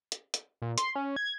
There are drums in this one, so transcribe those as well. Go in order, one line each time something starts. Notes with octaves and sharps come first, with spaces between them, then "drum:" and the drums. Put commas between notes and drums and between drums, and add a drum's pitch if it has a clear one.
drum: hi-hat
drum: hi-hat
A#2
C6, drum: hi-hat
C#4
G#6